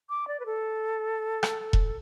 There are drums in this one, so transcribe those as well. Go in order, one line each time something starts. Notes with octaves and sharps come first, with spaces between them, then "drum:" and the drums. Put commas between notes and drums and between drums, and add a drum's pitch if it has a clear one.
D6
D5
B4
A4
drum: rim click
drum: kick E1